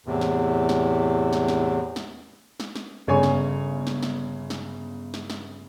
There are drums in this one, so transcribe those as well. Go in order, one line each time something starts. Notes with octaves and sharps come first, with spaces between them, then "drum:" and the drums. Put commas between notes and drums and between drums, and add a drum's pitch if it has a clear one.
E2 A2 C3
drum: snare
drum: snare
drum: snare
drum: snare
drum: snare
drum: snare
drum: snare
G1 C#3 C#5 G#5 C#6
drum: snare
drum: snare
drum: snare
drum: snare
drum: snare
drum: snare